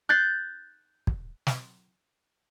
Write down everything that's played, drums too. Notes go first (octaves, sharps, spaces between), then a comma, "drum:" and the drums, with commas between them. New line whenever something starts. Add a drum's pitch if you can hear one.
F#6 G6 A6 C7
drum: kick
drum: snare